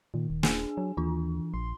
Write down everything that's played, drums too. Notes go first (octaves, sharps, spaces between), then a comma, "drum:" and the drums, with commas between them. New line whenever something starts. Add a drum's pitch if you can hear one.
A#2 D#3
D#1
D4 G#4 G#5, drum: snare
F#3
D#2 E3 D4 F4
A#1 C6